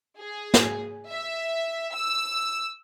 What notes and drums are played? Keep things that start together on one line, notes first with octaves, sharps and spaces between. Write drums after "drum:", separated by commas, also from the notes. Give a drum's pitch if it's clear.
G#4
drum: snare
E5
E6